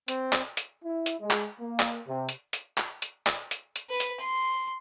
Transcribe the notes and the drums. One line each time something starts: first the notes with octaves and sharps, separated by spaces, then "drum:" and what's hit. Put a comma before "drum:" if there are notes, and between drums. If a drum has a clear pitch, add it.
C4, drum: hi-hat
drum: clap
drum: hi-hat
E4
drum: hi-hat
G#3
drum: clap
A#3
drum: clap
C3
drum: hi-hat
drum: hi-hat
drum: clap
drum: hi-hat
drum: clap
drum: hi-hat
drum: hi-hat
B4
drum: hi-hat
C6